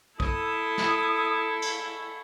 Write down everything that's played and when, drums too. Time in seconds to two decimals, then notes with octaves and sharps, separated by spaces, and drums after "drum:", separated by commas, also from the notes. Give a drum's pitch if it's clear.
0.20 E4 A4 D#6, drum: kick
0.78 drum: snare
1.62 drum: cymbal